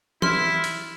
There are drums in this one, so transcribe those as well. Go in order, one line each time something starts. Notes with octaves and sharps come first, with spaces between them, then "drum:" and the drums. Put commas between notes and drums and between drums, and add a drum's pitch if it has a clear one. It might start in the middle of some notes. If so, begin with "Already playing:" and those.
E4 C6 F6, drum: tom E3
drum: hi-hat